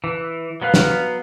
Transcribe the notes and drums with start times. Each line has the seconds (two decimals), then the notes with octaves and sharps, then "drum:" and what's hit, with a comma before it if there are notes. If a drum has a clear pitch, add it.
0.04 E3
0.62 F#3 B3 B4 F5
0.74 drum: snare